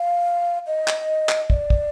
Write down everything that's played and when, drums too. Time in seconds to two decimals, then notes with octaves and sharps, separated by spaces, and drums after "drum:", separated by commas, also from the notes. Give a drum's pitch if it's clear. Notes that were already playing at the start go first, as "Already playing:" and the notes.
Already playing: F5
0.67 D#5
0.88 drum: clap
1.29 drum: clap
1.50 D5, drum: kick
1.70 drum: kick